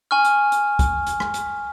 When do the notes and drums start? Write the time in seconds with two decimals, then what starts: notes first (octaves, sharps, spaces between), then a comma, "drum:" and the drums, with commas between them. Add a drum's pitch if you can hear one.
0.11 G#5 C#6 F6
0.24 drum: hi-hat
0.52 drum: hi-hat
0.79 drum: kick, hi-hat
1.07 drum: hi-hat
1.20 drum: rim click
1.34 drum: hi-hat